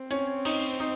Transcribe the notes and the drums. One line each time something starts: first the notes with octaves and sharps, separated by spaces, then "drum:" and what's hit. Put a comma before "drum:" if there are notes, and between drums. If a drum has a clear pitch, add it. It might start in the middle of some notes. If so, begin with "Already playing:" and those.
Already playing: C4
C#4, drum: hi-hat
D#4, drum: cymbal
D#4